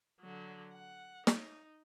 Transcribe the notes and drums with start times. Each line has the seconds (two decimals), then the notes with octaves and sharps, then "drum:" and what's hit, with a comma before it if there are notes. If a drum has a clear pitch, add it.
0.21 D3 F#3
0.73 F#5
1.27 D#4, drum: snare